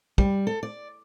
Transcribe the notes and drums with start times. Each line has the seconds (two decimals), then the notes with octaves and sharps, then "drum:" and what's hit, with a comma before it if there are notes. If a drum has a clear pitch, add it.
0.18 G3, drum: kick
0.47 A4
0.63 D5